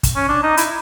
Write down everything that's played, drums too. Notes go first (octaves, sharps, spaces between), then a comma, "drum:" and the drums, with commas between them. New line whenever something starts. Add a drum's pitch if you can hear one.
drum: kick, hi-hat
C#4
D4
D#4
E4, drum: hi-hat